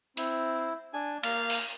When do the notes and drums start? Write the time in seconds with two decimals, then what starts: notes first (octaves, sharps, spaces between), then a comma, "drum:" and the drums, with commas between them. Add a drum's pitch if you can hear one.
0.17 C4 E4, drum: hi-hat
0.94 D4 G#5
1.23 A#3 F5, drum: cymbal
1.50 drum: open hi-hat